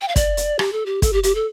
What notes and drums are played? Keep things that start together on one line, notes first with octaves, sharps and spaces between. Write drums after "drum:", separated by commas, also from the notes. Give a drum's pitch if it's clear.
G5
F5
D5, drum: kick, hi-hat
drum: hi-hat
G4, drum: rim click
A4
G4
A4, drum: kick, hi-hat
G4
G4, drum: hi-hat
A4